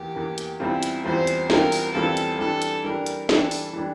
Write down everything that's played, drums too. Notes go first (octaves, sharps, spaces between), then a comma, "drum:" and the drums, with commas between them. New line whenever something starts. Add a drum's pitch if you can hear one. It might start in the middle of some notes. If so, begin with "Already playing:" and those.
Already playing: E2 E3 A#3 G4
E2 E3 A#3
drum: hi-hat
E2 E3 G3 C4 E4 F4
drum: hi-hat
E2 E3 G3 C4 F4 C5
drum: hi-hat
E2 E3 G3 C4 F4 A#4, drum: snare
drum: open hi-hat
E2 E3 G3 C4 F4 A4
drum: hi-hat
E3 G3 D4 A4
drum: hi-hat
E3 G3 D4 A#4
drum: hi-hat
E3 G3 D4 A4, drum: snare
drum: open hi-hat
E3 G3 D4